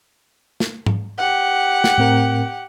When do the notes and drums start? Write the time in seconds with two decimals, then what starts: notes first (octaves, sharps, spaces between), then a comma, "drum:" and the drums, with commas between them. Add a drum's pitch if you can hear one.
0.60 drum: snare
0.86 drum: tom G#2
1.18 G4 F#5
1.84 drum: snare
1.98 A2 C4 A#4